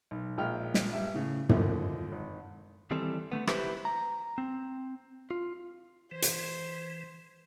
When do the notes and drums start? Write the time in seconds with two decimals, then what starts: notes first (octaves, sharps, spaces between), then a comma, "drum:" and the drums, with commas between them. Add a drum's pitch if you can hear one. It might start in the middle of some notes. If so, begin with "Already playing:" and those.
0.11 B1
0.38 A#1 G#3 E5 G5 F6
0.74 drum: snare
0.93 G2 G3 E5
1.14 A2 C#3
1.49 D#2 D3 D#3 F3, drum: tom
2.12 G#1
2.91 D#3 E3 G3 C4 A4
3.32 D3 A3 B3
3.47 E4 G4 B4 C5, drum: rim click
3.85 A#5
4.38 C4
5.31 F4
6.11 E3 C5
6.22 drum: hi-hat